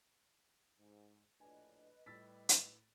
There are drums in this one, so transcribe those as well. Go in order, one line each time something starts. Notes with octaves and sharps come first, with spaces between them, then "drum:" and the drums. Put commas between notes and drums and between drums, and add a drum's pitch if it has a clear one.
G#2
A#1 A2 D4 B4 D#5 G#5
A2 G3 E6 A6 B6
drum: hi-hat